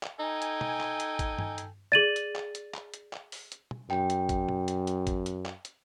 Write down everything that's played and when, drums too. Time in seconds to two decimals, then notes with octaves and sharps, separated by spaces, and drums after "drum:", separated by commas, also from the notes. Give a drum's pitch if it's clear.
0.03 drum: clap
0.19 D#4 A4 G5 G#5
0.42 drum: hi-hat
0.61 drum: tom
0.80 drum: clap
1.00 drum: hi-hat
1.19 drum: kick, hi-hat
1.39 drum: tom G2
1.58 drum: hi-hat
1.92 G#4 D5 A6 D#7 F#7
2.16 drum: hi-hat
2.35 drum: clap
2.55 drum: hi-hat
2.74 drum: clap
2.94 drum: hi-hat
3.13 drum: clap
3.32 drum: open hi-hat
3.52 drum: hi-hat
3.71 drum: tom
3.90 F#2 G5, drum: clap
4.10 drum: hi-hat
4.29 drum: kick, hi-hat
4.49 drum: tom
4.68 drum: hi-hat
4.87 drum: hi-hat
5.07 drum: kick, hi-hat
5.26 drum: hi-hat
5.45 drum: clap
5.65 drum: hi-hat